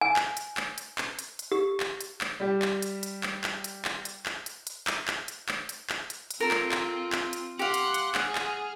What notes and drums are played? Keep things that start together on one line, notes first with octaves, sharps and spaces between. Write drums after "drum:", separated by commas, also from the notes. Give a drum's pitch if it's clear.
G#5
drum: clap
drum: hi-hat
drum: clap
drum: hi-hat
drum: clap
drum: hi-hat
drum: hi-hat
G4
drum: clap
drum: hi-hat
drum: clap
G3 G4
drum: clap
drum: hi-hat
drum: hi-hat
drum: clap
drum: clap
drum: hi-hat
drum: clap
drum: hi-hat
drum: clap
drum: hi-hat
drum: hi-hat
drum: clap
drum: clap
drum: hi-hat
drum: clap
drum: hi-hat
drum: clap
drum: hi-hat
drum: hi-hat
C4 F4 A4 A#4
drum: clap
drum: clap
drum: clap
drum: hi-hat
G4 F5 F#5 C6
drum: hi-hat
drum: hi-hat
G#4 F#5 F6, drum: clap
drum: clap